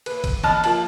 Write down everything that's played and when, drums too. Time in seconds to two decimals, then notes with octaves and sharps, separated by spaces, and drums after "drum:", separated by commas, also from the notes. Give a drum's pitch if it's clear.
0.06 B4, drum: cymbal
0.24 drum: kick A1, cymbal
0.43 D#5 A5 B5 F6, drum: snare
0.64 F3 A#3 A5 F#7, drum: cymbal